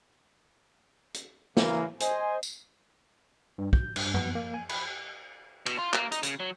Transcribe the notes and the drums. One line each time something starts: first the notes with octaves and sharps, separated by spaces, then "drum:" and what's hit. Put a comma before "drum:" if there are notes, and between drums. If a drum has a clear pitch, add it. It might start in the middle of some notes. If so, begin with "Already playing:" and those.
drum: hi-hat
C#3 E3 A#3, drum: snare
C5 D#5 G#5, drum: hi-hat
drum: tambourine
G2
G6, drum: kick
G2, drum: cymbal
B3, drum: tom F#2
A#3
G#5
B5, drum: cymbal
B2, drum: cymbal
F4
A#3, drum: clap
D#4, drum: hi-hat
C#3, drum: hi-hat
F#3